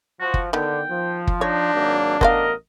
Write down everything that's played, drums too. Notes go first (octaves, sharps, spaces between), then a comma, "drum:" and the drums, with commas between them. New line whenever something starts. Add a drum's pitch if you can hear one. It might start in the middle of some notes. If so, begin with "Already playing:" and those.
F3 F#4
drum: kick
D3 D#3 B3 G5
F3
drum: kick
D4 D#4 C#5
G#1 F#3 A#3
A1 B3 A#4 C5 D#5 F5, drum: kick